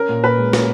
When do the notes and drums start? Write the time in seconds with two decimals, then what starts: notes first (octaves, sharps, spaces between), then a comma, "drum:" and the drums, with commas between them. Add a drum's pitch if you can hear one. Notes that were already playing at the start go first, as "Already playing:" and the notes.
Already playing: C#4 A#4
0.09 A#2
0.23 A#2 B4
0.38 G#3
0.53 C#4, drum: snare